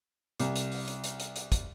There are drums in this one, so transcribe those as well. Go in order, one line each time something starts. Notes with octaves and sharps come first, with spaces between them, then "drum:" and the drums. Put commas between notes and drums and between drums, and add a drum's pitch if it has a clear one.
C2, drum: hi-hat
drum: hi-hat
drum: open hi-hat
drum: hi-hat
drum: hi-hat
drum: hi-hat
drum: hi-hat
drum: kick, hi-hat